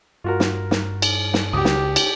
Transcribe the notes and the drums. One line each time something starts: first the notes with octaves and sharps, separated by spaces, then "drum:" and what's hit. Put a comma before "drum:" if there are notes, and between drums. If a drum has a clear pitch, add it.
G2 F4 F#4 A#4
drum: snare
drum: snare
drum: cymbal
drum: snare
C#2 F#4 G4 D6 D#6
drum: snare
drum: cymbal